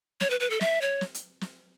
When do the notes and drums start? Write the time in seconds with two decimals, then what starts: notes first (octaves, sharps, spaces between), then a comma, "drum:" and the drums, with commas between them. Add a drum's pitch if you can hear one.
0.21 C#5, drum: snare
0.30 B4
0.40 B4
0.50 A4
0.61 E5, drum: snare
0.81 C#5
1.01 drum: snare
1.14 drum: hi-hat
1.41 drum: snare